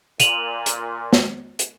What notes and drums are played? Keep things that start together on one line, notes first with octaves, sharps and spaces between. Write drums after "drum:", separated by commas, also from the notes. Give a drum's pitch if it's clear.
A#2 D#7 F7 F#7, drum: hi-hat
drum: hi-hat
drum: snare
drum: hi-hat